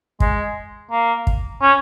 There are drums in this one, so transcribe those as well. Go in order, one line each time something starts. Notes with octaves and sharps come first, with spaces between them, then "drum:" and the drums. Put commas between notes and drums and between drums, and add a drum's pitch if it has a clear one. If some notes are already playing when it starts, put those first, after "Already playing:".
G#3, drum: kick
A#3
drum: kick
C#4